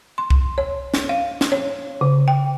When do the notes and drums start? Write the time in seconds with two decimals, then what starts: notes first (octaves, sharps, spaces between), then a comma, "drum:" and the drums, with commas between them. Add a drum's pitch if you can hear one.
0.18 C6
0.30 drum: kick C2
0.58 C#5
0.94 drum: snare
1.09 F5
1.41 drum: snare
1.52 C#5
2.01 C#3
2.28 G5